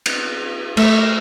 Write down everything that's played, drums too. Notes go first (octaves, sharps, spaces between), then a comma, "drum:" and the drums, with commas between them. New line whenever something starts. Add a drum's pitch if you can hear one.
drum: cymbal
A3, drum: cymbal